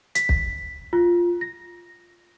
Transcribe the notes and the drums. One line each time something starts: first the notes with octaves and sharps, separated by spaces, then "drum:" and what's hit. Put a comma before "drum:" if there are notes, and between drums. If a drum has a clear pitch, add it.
B6, drum: hi-hat
drum: kick
F4
A#6